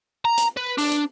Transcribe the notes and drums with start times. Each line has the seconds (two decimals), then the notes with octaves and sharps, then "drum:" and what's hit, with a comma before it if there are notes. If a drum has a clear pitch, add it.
0.25 A#5
0.37 drum: hi-hat
0.57 B4
0.78 D4, drum: open hi-hat
0.92 drum: hi-hat